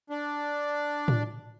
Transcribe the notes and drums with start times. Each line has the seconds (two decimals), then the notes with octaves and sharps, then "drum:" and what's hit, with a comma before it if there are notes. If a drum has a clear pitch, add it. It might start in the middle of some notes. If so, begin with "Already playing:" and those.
0.10 D4
1.08 drum: tom A2